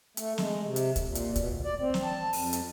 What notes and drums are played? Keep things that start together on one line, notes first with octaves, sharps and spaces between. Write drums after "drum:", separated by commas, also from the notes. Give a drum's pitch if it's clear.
A3, drum: hi-hat
G#3, drum: snare
C3
drum: hi-hat
drum: kick, hi-hat
A#2
drum: hi-hat
B2, drum: kick, hi-hat
D2
D5
C4
drum: snare
A5
F2, drum: open hi-hat
drum: hi-hat